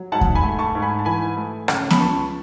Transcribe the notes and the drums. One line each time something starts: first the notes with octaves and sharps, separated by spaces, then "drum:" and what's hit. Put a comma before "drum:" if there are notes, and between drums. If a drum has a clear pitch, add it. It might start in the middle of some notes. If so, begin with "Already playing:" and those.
Already playing: F#3
G#2 F#5 A5
drum: kick D#2
G#5 B5
A3
A5 C#6
G#2
G#5 B5
A5
E3 G#5 B5
A3
C#3, drum: rim click
B5, drum: snare B3
C#2 A5 C#6